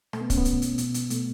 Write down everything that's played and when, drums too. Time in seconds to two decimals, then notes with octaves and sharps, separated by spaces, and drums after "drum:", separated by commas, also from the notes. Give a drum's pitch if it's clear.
0.13 B2 A3, drum: rim click
0.21 B3
0.30 C#4, drum: kick, hi-hat
0.37 B3
0.45 B2, drum: hi-hat
0.62 drum: hi-hat
0.78 B2, drum: hi-hat
0.94 drum: hi-hat
1.10 B2 A3, drum: hi-hat